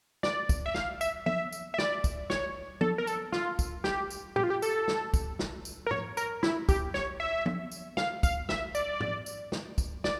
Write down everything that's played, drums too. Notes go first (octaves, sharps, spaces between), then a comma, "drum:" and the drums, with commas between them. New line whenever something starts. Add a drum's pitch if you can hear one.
D5, drum: snare
drum: kick, tambourine
E5
F5, drum: snare
E5, drum: tambourine
E5, drum: tom
drum: tambourine
E5
D5, drum: snare
drum: kick, tambourine
C#5, drum: snare
A4, drum: tom
A#4
A4, drum: tambourine
F4, drum: snare
drum: kick, tambourine
G4, drum: snare
drum: tambourine
G4, drum: tom A2
F4
G4
A4, drum: tambourine
drum: snare
drum: kick, tambourine
drum: snare
drum: tambourine
A#4
C#5, drum: tom G#2
A#4, drum: tambourine
E4, drum: snare
G4, drum: kick, tambourine
C#5, drum: snare
E5
drum: tom
drum: tambourine
F5, drum: snare
F5, drum: kick, tambourine
E5, drum: snare
D5, drum: tambourine
drum: tom G#2
drum: tambourine
drum: snare
drum: kick, tambourine
D5, drum: snare